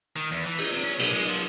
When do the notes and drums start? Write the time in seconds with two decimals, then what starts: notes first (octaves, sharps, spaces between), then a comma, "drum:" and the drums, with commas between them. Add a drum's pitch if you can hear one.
0.16 D#3
0.31 E2
0.46 E3
0.58 D#4, drum: cymbal
0.72 C3
0.84 C#4
0.99 B2, drum: cymbal
1.14 G#3
1.29 F3